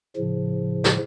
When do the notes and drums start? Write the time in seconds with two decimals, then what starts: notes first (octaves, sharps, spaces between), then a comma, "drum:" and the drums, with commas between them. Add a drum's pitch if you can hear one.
0.17 A2 C#3 F3
0.84 drum: snare